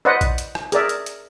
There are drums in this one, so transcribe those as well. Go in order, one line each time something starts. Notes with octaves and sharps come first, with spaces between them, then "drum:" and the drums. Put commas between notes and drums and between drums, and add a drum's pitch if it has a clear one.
B4 C5 D5 D#5 F#5
drum: kick A#1, hi-hat
drum: hi-hat
drum: rim click
G#4 A#4 D5 E5, drum: hi-hat
drum: hi-hat
drum: hi-hat